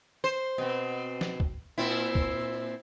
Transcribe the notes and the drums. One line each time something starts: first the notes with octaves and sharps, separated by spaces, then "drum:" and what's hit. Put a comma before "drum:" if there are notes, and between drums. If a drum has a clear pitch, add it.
C5
B2 C4
drum: snare
drum: kick
A#2 C4 E4
drum: kick